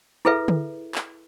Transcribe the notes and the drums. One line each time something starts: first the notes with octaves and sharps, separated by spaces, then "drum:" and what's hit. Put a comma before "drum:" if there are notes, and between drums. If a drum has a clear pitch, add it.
E4 G#4 A4 B4 E5
drum: tom D3
drum: clap